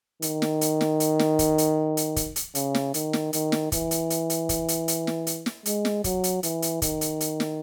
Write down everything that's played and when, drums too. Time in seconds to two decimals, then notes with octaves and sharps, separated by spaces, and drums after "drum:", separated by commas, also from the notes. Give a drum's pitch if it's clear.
0.22 D#3, drum: hi-hat
0.42 drum: snare
0.61 drum: hi-hat
0.81 drum: snare
1.00 drum: hi-hat
1.19 drum: snare
1.39 drum: kick, hi-hat
1.58 drum: hi-hat
1.97 drum: hi-hat
2.16 drum: kick, hi-hat
2.36 drum: hi-hat
2.55 C#3, drum: hi-hat
2.75 drum: snare
2.94 D#3, drum: hi-hat
3.13 drum: snare
3.33 D#3, drum: hi-hat
3.52 drum: snare
3.72 E3, drum: kick, hi-hat
3.91 drum: hi-hat
4.10 drum: hi-hat
4.30 drum: hi-hat
4.49 drum: kick, hi-hat
4.68 drum: hi-hat
4.88 drum: hi-hat
5.07 drum: snare
5.27 drum: hi-hat
5.46 drum: snare
5.66 G#3, drum: hi-hat
5.85 drum: snare
6.04 F#3, drum: kick, hi-hat
6.24 drum: hi-hat
6.43 E3, drum: hi-hat
6.62 drum: hi-hat
6.82 D#3, drum: kick, hi-hat
7.01 drum: hi-hat
7.20 drum: hi-hat
7.40 drum: snare